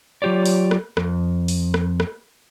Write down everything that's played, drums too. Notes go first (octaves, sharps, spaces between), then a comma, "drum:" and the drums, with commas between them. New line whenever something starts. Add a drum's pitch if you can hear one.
F#3 F4 G4 C#5 D5
drum: open hi-hat
drum: rim click
F2, drum: rim click
drum: open hi-hat
drum: rim click
drum: rim click